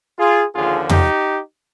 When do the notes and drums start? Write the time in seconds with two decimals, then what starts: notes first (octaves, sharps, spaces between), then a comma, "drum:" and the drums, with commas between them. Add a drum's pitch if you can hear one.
0.19 F4 G#4
0.54 D#2 D3 F3 F4 G#4
0.89 D#4 G4, drum: tom